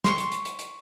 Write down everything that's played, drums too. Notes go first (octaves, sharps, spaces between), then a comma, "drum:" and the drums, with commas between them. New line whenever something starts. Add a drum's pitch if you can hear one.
C6 C#6, drum: snare
drum: hi-hat
drum: hi-hat
drum: hi-hat
drum: hi-hat